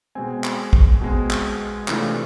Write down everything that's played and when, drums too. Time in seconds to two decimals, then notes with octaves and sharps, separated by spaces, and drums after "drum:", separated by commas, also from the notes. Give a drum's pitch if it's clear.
0.15 B2 G#3 C4 G#5
0.44 drum: clap
0.73 drum: kick
1.01 B2 G#3 C4
1.30 drum: clap
1.88 C3 E3 A3 D4 F4, drum: clap